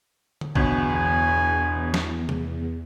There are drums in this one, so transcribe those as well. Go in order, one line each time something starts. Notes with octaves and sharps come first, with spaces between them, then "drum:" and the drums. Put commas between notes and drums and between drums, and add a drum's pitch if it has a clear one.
drum: tom D3
G1 E2 B2 G#5, drum: kick
drum: snare
drum: tom C3